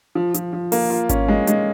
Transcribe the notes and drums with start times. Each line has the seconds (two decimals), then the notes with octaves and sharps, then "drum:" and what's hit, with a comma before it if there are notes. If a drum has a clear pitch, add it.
0.15 F3
0.34 F3, drum: hi-hat
0.53 F3
0.72 A#3, drum: open hi-hat
0.90 F4
1.09 C#4, drum: kick G#1, hi-hat
1.28 G#3
1.47 G#3, drum: hi-hat